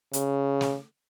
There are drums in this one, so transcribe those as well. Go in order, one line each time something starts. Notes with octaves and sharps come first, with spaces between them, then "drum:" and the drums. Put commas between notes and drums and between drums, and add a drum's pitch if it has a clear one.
C#3, drum: hi-hat
drum: snare